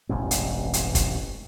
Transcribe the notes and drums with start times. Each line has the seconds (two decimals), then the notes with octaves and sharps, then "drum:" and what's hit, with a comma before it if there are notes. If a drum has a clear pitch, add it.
0.09 E1 A1 G2 C4
0.31 drum: hi-hat
0.73 drum: hi-hat
0.95 drum: kick, hi-hat